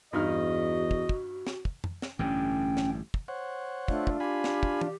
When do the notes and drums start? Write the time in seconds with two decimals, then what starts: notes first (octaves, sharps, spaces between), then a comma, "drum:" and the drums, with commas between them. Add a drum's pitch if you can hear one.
0.13 E2 G2 D#4 F#4 D#5 F6
0.91 drum: kick
1.09 drum: kick
1.47 drum: snare
1.65 drum: kick
1.84 drum: tom
2.02 drum: snare
2.19 A1 G2 D3 C#4 G5
2.77 drum: snare
3.14 drum: kick
3.28 C5 C#5 F#5
3.88 A3 D4 F4, drum: kick
4.07 drum: kick
4.20 G4 F5 G#5 B5
4.44 drum: snare
4.63 drum: kick
4.81 drum: tom